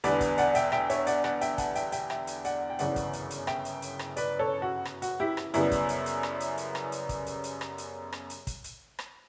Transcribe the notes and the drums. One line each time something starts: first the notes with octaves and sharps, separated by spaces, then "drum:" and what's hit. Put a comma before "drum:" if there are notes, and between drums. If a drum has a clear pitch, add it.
E2 D3 G3 B3 B4 D5, drum: hi-hat
drum: kick, hi-hat
D5 F#5, drum: hi-hat
E5 G5, drum: hi-hat
E5 G5, drum: rim click
C#5 E5, drum: hi-hat
D5 F#5, drum: hi-hat
D5 F#5, drum: rim click
E5 G5, drum: hi-hat
F#5 A5, drum: kick, hi-hat
E5 G5, drum: hi-hat
E5 G5, drum: hi-hat
E5 G5, drum: rim click
drum: hi-hat
D5 F#5, drum: hi-hat
G5
G1 F#2 C#3 E3 B3 D5 F#5, drum: hi-hat
drum: kick, hi-hat
drum: hi-hat
drum: hi-hat
E5 G5, drum: rim click
drum: hi-hat
drum: hi-hat
drum: rim click
B4 D5, drum: hi-hat
A4 C#5
F#4
drum: rim click
F#4, drum: hi-hat
E4 G4
drum: rim click
F#2 C#3 G3 B3 E4, drum: hi-hat
drum: kick, hi-hat
drum: hi-hat
drum: hi-hat
drum: rim click
drum: hi-hat
drum: hi-hat
drum: rim click
drum: hi-hat
drum: kick, hi-hat
drum: hi-hat
drum: hi-hat
drum: rim click
drum: hi-hat
drum: rim click
drum: hi-hat
drum: kick, hi-hat
drum: hi-hat
drum: rim click